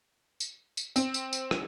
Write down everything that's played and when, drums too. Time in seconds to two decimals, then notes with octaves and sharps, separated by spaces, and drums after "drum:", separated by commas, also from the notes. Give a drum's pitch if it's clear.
0.40 drum: tambourine
0.77 drum: tambourine
0.96 C4, drum: tambourine
1.14 drum: tambourine
1.33 drum: tambourine
1.51 drum: rim click